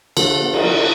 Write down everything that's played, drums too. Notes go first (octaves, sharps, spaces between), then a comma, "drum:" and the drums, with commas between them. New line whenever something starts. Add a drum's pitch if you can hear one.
D3 F3, drum: cymbal
B3
drum: cymbal
F3